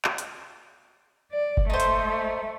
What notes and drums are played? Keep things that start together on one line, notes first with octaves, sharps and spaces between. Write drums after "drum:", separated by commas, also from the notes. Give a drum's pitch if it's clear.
drum: clap
drum: hi-hat
D5
drum: kick F#1
A3 D#4 C5
drum: hi-hat